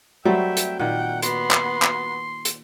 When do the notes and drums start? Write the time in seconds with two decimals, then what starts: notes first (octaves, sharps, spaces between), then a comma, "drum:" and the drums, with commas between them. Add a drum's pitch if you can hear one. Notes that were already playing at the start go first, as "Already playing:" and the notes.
0.25 F#3 G3 A3 C4 E5 G5
0.57 drum: hi-hat
0.79 A#2 D#3 F#5 G5
1.22 B3 F#4 C6, drum: hi-hat
1.51 drum: clap
1.82 drum: clap
2.45 drum: hi-hat